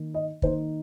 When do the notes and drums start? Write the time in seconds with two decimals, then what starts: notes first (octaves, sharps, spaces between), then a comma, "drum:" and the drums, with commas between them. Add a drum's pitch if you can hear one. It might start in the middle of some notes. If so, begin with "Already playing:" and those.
Already playing: D#3 A#3 D#4
0.14 D#5
0.42 D#3 A#3 D#4 C5, drum: kick